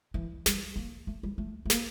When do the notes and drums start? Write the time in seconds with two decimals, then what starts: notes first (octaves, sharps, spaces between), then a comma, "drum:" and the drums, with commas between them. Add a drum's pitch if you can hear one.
0.14 E3
0.46 G3, drum: snare
0.76 A#3
1.07 A3
1.23 G3
1.38 A3
1.66 A3
1.70 A#3, drum: snare